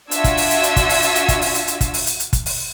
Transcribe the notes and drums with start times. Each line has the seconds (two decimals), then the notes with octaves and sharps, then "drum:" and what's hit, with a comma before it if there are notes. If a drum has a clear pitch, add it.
0.11 D4 F4 F#4 E5 E6 G#6, drum: hi-hat
0.24 drum: kick, hi-hat
0.37 drum: open hi-hat
0.50 drum: hi-hat
0.63 drum: hi-hat
0.76 drum: kick, hi-hat
0.89 drum: open hi-hat
1.02 drum: hi-hat
1.15 drum: hi-hat
1.29 drum: kick, hi-hat
1.42 drum: open hi-hat
1.55 drum: hi-hat
1.68 drum: hi-hat
1.81 drum: kick, hi-hat
1.94 drum: open hi-hat
2.07 drum: hi-hat
2.20 drum: hi-hat
2.33 drum: kick, hi-hat
2.46 drum: open hi-hat